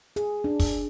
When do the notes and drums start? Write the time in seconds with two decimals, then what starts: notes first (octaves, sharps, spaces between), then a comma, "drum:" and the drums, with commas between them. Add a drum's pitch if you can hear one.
0.16 G#4, drum: hi-hat
0.44 D4
0.60 drum: kick, open hi-hat